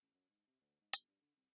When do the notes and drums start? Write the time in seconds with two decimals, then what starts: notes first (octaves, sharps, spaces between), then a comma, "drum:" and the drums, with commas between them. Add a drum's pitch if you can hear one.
0.02 A1
0.14 F#2
0.30 G#2
0.47 C3
0.61 D2
0.81 G#2
0.93 G1, drum: hi-hat
1.08 G2
1.22 D3
1.36 C2